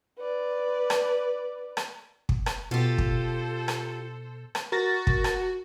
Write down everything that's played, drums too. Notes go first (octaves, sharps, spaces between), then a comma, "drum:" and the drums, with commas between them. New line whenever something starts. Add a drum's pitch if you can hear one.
B4 D5
drum: rim click
drum: rim click
drum: kick
drum: rim click
B2 F4 G4 A4 C5
drum: kick
drum: rim click
drum: rim click
F#4 A#4 A6 A#6
drum: kick
drum: rim click